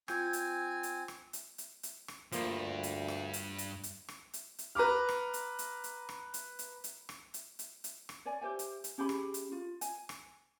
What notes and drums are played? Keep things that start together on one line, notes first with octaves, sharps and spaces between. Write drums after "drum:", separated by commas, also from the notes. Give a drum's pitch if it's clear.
C4 F4 G#5 G6 G#6, drum: rim click
drum: hi-hat
drum: hi-hat
drum: rim click
drum: hi-hat
drum: hi-hat
drum: hi-hat
drum: rim click
D2 G2 F3 A#3, drum: hi-hat
drum: hi-hat
drum: rim click
drum: hi-hat
drum: hi-hat
drum: hi-hat
drum: rim click
drum: hi-hat
drum: hi-hat
B4 A#5 B5 D6 F6
drum: rim click
drum: hi-hat
drum: hi-hat
drum: hi-hat
drum: rim click
drum: hi-hat
drum: hi-hat
drum: hi-hat
drum: rim click
drum: hi-hat
drum: hi-hat
drum: hi-hat
drum: rim click
C#5 D5 G#5
G4 C5 E5 G#5
drum: hi-hat
drum: hi-hat
C#4 G4 G#4 B5
drum: rim click
drum: hi-hat
F4
G#5, drum: hi-hat
drum: rim click